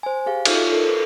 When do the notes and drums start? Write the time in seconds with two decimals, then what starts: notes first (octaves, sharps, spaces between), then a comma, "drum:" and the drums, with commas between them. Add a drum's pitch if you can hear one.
0.03 C5 G#5
0.26 G4 G#4 F5
0.45 D#4 F4 A4 E5 F6, drum: cymbal
0.73 A4 A#4
0.88 B4